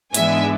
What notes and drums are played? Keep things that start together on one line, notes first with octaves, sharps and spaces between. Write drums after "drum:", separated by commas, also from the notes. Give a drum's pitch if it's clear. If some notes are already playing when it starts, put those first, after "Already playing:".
G#2 E3 G#3 B3 D4 E5 G#5, drum: hi-hat